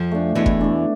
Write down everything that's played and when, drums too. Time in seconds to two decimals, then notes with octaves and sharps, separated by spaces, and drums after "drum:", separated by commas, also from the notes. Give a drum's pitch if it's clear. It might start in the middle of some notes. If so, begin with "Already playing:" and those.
Already playing: F2 F3
0.12 A3 D4
0.35 E2 B2 E3
0.46 drum: kick
0.61 A3 D4